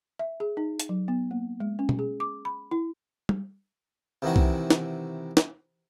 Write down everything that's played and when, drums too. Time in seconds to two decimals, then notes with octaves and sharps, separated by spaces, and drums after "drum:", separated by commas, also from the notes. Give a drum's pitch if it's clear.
0.19 E5
0.40 G#4
0.57 D#4
0.80 drum: hi-hat
0.89 F#3
1.08 B3
1.31 A#3
1.60 G#3
1.79 C#4
1.89 drum: tom B2
1.99 G#4
2.20 D6
2.45 B5
2.71 E4
3.29 drum: tom G3
4.22 C3 D#3 E3 F#4
4.36 drum: kick C2
4.70 drum: snare
5.37 drum: snare